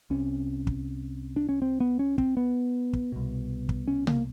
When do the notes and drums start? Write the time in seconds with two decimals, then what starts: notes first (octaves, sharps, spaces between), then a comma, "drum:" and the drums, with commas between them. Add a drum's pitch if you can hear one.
0.10 C2 C3 C#4
0.67 drum: kick
1.36 D4
1.49 C#4
1.62 C4
1.80 B3
1.99 C#4
2.18 C4, drum: kick
2.37 B3
2.93 drum: kick
3.12 C2 B2
3.69 drum: kick
3.88 C#4
4.07 A#3, drum: tom C3